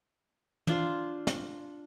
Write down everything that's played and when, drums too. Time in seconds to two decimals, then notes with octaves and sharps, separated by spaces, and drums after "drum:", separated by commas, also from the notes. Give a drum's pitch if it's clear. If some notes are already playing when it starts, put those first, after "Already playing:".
0.67 D4 F4 C5, drum: tom
1.27 drum: snare